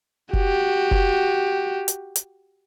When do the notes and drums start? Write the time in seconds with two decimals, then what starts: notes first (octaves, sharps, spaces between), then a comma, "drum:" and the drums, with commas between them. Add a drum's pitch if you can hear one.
0.33 F#4 G4, drum: kick F1
0.91 drum: kick F1
1.88 drum: hi-hat
2.16 drum: hi-hat